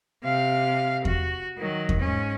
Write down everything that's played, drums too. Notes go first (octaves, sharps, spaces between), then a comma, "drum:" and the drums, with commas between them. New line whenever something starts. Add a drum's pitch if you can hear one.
C3 F5
F#4, drum: kick E2
D#3 F#3
drum: kick E2
G#2 C#4